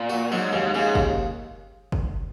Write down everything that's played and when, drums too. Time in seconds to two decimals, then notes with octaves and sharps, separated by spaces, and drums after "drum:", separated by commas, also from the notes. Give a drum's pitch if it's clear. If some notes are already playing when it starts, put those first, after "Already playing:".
Already playing: A#2
0.10 F#4
0.32 G#2 F#3
0.53 D#2 G#2
0.75 G#2 C#3
0.95 D#2, drum: kick
1.92 drum: kick